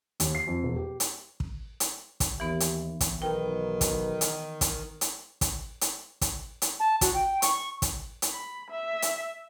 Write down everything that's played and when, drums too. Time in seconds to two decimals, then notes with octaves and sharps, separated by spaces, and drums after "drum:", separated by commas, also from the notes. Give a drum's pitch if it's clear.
0.20 D#2, drum: hi-hat
0.35 C7
0.47 F2
0.63 E1
0.76 G4
1.00 drum: hi-hat
1.40 drum: kick
1.80 drum: hi-hat
2.20 drum: kick, hi-hat
2.40 D#2 E3 B3
2.60 drum: hi-hat
3.01 drum: kick, hi-hat
3.22 B1 D#3 B4 G5
3.81 drum: kick, hi-hat
4.21 drum: hi-hat
4.61 drum: kick, hi-hat
5.01 drum: hi-hat
5.41 drum: kick, hi-hat
5.81 drum: hi-hat
6.21 drum: kick, hi-hat
6.62 drum: hi-hat
6.80 A5
7.01 F#4, drum: kick, hi-hat
7.14 G5
7.42 C#6, drum: hi-hat
7.82 drum: kick, hi-hat
8.22 drum: hi-hat
8.33 B5
8.71 E5
9.02 drum: hi-hat